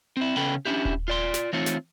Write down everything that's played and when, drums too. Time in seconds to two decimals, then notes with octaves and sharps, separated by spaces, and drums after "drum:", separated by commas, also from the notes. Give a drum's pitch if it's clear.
0.17 C4 E4
0.37 C#3 B3 C#4 A4 G5 B5
0.65 C#4 D4 E4 G4
0.85 drum: kick D#1
1.08 F4 D5 C6
1.34 drum: snare
1.53 E3 A3 C4 D#4 F4 C#5
1.66 drum: snare